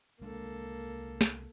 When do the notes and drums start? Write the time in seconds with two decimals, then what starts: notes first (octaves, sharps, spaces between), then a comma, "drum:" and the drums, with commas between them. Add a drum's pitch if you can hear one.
0.21 C2 G#3 A#3 D4 A4
1.21 drum: snare